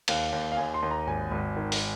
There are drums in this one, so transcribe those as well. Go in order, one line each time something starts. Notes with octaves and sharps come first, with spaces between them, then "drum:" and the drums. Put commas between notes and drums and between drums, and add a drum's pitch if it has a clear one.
D#2 F5, drum: cymbal
D#2
F5
D#2 G#5
C6
D#2
A#5
G#1 G#5
G#1
D#3
drum: open hi-hat